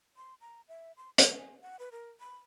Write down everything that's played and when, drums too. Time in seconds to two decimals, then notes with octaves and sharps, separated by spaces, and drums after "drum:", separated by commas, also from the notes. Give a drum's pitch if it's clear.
0.17 C6
0.41 A#5
0.68 E5
0.97 C6
1.18 A#4, drum: hi-hat
1.37 G#5
1.62 F#5
1.79 B4
1.92 A#4
2.20 B5